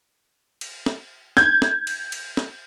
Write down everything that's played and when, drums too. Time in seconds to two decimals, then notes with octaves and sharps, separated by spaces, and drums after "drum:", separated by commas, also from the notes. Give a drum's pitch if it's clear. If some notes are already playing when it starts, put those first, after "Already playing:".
0.61 drum: cymbal
0.86 drum: snare
1.37 G6 G#6, drum: snare
1.62 drum: snare
1.87 drum: cymbal
2.12 drum: cymbal
2.37 drum: snare